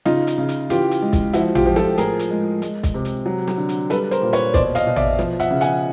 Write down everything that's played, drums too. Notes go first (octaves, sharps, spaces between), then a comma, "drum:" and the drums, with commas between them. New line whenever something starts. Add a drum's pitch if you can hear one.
C#3 D#4 F4, drum: snare
drum: hi-hat
C#3
drum: hi-hat
E3 F4 G4, drum: hi-hat
drum: hi-hat
G#3
drum: kick, hi-hat
F3 E4 F#4, drum: hi-hat
F4 G4, drum: tom A1
F3
G4 A4, drum: snare
A2 G#4 A#4, drum: hi-hat
drum: hi-hat
G#3
G#3, drum: hi-hat
drum: kick, hi-hat
C3
drum: hi-hat
F#3
drum: snare
D3
drum: hi-hat
G3 A4 B4, drum: hi-hat
A#4 C5, drum: hi-hat
A#2
B4 C#5, drum: hi-hat
B2 C5 D5, drum: kick, hi-hat
D#5 F5, drum: hi-hat
B2
D5 E5, drum: tom A1
F3, drum: snare
E5 F#5, drum: hi-hat
C#3
F#5 G#5, drum: hi-hat